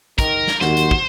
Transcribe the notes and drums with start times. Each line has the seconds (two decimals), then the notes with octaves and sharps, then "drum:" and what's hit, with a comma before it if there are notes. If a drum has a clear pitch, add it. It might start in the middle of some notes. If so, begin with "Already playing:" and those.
0.18 D#3 A#4, drum: kick, hi-hat
0.48 drum: snare
0.61 D#2 F#4 C5, drum: snare
0.77 drum: hi-hat
0.91 drum: kick